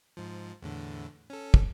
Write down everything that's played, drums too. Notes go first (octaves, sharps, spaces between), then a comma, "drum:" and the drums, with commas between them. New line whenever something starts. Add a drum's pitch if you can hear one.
G#2 F3
E2 A2 D3
C#4 A4
drum: kick